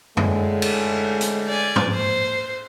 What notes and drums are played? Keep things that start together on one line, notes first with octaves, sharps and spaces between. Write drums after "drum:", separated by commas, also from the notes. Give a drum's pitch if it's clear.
A2 D3 G#3, drum: tom
drum: cymbal
drum: hi-hat
D5 G#5
drum: tom
C5